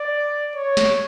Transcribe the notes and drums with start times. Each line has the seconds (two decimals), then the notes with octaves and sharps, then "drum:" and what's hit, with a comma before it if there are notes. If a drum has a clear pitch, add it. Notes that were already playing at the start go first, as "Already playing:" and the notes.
Already playing: D5
0.55 C#5
0.77 drum: snare